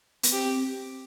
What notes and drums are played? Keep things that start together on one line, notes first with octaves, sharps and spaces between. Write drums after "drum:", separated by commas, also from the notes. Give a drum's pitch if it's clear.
B3, drum: hi-hat
C4 G4